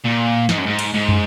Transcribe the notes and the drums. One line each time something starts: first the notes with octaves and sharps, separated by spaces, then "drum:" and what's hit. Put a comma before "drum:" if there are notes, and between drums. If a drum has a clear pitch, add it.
A#2
G#2, drum: snare
F#2
G#2
drum: cymbal
G#2
drum: tom